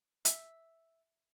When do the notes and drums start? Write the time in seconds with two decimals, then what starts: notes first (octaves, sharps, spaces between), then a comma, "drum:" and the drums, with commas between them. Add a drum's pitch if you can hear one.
0.25 E5, drum: hi-hat